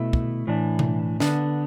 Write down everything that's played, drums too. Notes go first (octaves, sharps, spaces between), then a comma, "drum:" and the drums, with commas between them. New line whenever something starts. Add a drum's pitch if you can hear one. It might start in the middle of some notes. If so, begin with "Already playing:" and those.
Already playing: B2 A3 E4
drum: kick
A2 E3 D4
drum: tom B2
D3 B3 D4, drum: snare